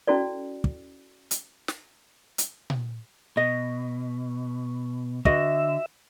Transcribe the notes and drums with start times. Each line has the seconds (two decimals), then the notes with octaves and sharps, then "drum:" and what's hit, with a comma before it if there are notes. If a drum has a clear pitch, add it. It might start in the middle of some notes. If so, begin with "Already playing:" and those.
0.07 C#4 E4 F#4 A4 D5
0.64 drum: kick
1.31 drum: hi-hat
1.68 drum: snare
2.38 drum: hi-hat
2.70 drum: tom A#2
3.37 B2 D#5
5.25 D3 F#4 B4 D#5 E5, drum: kick